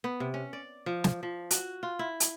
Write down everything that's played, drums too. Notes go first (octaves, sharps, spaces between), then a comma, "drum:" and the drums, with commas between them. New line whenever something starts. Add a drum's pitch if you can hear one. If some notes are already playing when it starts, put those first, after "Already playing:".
B3
C3
C#4
D5
F3
drum: snare
F3
F#4, drum: hi-hat
F4
E4
drum: hi-hat